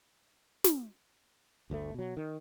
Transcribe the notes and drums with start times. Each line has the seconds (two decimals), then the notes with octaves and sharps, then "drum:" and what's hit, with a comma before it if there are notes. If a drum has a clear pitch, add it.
0.64 drum: snare
1.70 G1 D2 C#3 A3
1.94 B2 F#3
2.17 D#3